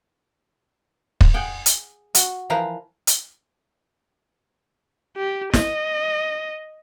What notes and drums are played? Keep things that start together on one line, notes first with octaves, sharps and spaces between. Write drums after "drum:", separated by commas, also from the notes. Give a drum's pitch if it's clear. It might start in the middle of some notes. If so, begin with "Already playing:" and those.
drum: kick
G#4 F#5 G5
drum: hi-hat
F#4, drum: hi-hat
E3 F3 A#4 B4 F5 A#5
drum: hi-hat
G4
D#5, drum: snare